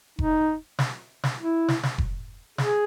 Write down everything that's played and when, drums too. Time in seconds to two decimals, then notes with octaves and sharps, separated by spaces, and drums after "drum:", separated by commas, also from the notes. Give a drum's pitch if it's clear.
0.19 D#4, drum: kick F1
0.79 drum: snare
1.23 drum: snare
1.38 E4
1.68 drum: snare
1.83 drum: snare
1.98 drum: kick F1
2.58 G#4, drum: snare